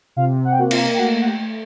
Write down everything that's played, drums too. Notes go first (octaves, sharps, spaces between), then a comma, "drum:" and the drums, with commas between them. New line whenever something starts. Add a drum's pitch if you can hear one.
C3 F4 F5
F#5
G5
A#3 F#4 F#5
F4 F5, drum: cymbal
G5
A3 F#4 F#5
F#5
G4 G5
A3